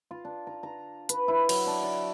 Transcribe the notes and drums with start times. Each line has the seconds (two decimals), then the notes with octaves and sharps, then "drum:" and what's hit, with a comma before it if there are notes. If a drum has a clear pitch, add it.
0.11 F4
0.25 D4
0.47 A#5
0.63 A#5
1.09 B4, drum: hi-hat
1.28 E4
1.49 F#3, drum: cymbal
1.67 D4
1.83 D5